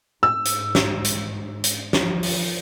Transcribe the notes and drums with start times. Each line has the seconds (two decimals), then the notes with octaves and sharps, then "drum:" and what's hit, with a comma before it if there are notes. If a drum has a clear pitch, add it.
0.23 G#2 E6
0.45 drum: hi-hat
0.75 drum: snare
1.04 drum: hi-hat
1.64 drum: hi-hat
1.93 F3, drum: snare
2.23 drum: open hi-hat